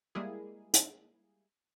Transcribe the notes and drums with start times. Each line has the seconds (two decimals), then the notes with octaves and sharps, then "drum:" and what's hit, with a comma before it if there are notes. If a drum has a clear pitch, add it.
0.15 G3 G#3 A#3 E4 G#4
0.74 drum: hi-hat